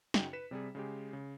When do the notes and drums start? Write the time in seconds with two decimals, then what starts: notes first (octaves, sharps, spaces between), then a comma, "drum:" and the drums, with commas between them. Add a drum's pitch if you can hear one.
0.14 F#2 C#3 D#4 F#4 G5 C#7, drum: snare
0.33 B4 B6 E7
0.51 C3 G3 C4 G#4
0.75 C#3 G#3 G4
1.13 C#3